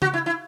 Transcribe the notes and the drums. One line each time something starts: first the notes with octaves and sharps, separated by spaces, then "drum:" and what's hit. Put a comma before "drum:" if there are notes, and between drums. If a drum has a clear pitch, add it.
F#4, drum: tom C#3
E4
E4